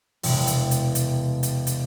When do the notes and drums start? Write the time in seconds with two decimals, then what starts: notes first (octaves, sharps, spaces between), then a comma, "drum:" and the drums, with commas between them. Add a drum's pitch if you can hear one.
0.23 E1 C3, drum: open hi-hat
0.47 drum: hi-hat
0.71 drum: hi-hat
0.95 drum: hi-hat
1.43 drum: hi-hat
1.67 drum: hi-hat